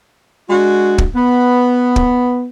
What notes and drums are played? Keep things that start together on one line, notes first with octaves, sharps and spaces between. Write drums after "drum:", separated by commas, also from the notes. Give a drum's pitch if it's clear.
G#3 D4 F#4
drum: kick
B3
drum: kick